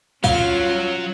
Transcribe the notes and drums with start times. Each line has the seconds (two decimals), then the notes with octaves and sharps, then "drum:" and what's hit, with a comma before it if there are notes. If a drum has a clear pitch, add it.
0.24 F#3 G3 C#4 F4 C#5 F5, drum: kick